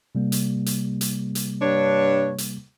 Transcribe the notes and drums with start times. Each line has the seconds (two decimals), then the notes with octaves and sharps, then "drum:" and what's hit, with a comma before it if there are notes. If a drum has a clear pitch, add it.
0.15 C3 G3 A#3
0.32 drum: hi-hat
0.66 drum: hi-hat
1.01 drum: hi-hat
1.35 drum: hi-hat
1.62 G2 D4 C#5
2.38 drum: hi-hat